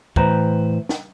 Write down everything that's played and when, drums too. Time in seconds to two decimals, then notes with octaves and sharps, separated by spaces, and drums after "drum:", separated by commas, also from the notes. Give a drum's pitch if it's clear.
0.16 A2 E3 B4 C5 A#5, drum: kick
0.89 drum: snare